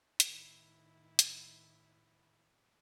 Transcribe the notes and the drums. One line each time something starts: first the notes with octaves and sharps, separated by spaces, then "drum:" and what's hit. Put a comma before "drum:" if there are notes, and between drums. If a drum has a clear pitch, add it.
A2 D#3 E4, drum: hi-hat
drum: hi-hat